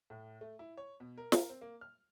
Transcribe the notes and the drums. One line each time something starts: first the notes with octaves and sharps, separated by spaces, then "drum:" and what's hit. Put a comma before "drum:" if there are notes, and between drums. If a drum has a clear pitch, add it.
A2
A3
E4
C#5
B2
A#4
A#4, drum: snare
C4
A#3
F6